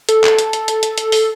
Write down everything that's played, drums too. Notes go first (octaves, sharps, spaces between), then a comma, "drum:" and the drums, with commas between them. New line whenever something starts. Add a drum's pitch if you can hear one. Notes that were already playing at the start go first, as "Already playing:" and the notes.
A4, drum: hi-hat
drum: clap
drum: hi-hat
drum: hi-hat
drum: hi-hat
drum: hi-hat
drum: hi-hat
drum: open hi-hat